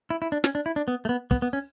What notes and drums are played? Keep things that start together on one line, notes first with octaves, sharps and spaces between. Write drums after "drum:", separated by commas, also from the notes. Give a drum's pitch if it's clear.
E4
E4
D4
C#4, drum: snare
D4
E4
D4
B3
A3
B3
B3, drum: kick
B3
C#4